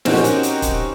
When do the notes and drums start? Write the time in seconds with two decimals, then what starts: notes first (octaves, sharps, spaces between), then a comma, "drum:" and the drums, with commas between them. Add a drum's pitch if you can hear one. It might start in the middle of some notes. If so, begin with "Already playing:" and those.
0.05 C4 C#4 D#4 F#4 G4 A#4, drum: snare
0.24 drum: hi-hat
0.43 drum: hi-hat
0.62 drum: kick, hi-hat